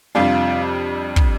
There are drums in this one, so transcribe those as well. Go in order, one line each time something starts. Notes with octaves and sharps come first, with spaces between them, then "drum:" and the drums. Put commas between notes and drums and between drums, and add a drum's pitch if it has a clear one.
F2 C3 G3 D4 F4
drum: kick